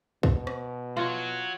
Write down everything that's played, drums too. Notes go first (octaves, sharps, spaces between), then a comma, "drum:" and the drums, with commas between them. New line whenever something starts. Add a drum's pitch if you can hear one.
B2, drum: kick
drum: rim click
F4 F#4 C#5